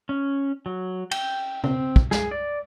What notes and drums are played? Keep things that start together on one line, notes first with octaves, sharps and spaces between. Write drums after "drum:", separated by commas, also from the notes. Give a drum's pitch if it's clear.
C#4
F#3
G5, drum: cymbal
C4, drum: tom C#3
drum: kick
G#4, drum: snare
D5